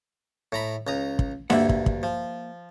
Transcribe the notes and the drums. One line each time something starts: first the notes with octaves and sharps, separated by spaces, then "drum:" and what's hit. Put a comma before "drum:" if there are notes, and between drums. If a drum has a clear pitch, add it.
A2 A#5 B5
C#2 A#5 D#6
drum: kick
D2 G2 A#3 E5 F#5, drum: snare D4
drum: kick
drum: kick
F3